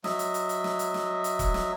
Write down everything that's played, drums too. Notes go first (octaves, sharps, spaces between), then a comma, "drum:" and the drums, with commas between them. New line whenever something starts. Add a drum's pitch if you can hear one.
F#3 D#5 E5, drum: snare
drum: hi-hat
drum: hi-hat
drum: hi-hat
drum: snare
drum: hi-hat
drum: snare
drum: hi-hat
drum: kick, hi-hat
drum: snare